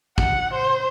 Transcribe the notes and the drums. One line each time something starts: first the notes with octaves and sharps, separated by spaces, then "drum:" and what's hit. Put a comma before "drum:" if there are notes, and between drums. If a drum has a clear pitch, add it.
F#5, drum: kick
C5